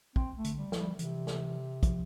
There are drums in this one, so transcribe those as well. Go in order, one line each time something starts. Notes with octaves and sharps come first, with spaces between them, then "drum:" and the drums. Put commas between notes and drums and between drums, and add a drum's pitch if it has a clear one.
C4, drum: kick
A3
D3, drum: hi-hat
G3
F3, drum: snare
G3
C3 E3, drum: hi-hat
drum: snare
F3, drum: kick, hi-hat